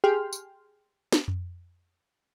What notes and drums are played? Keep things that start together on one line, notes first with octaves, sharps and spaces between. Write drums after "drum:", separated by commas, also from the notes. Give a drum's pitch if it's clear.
G4 G#4 G5 C6 F6
drum: tambourine
drum: snare
drum: tom F2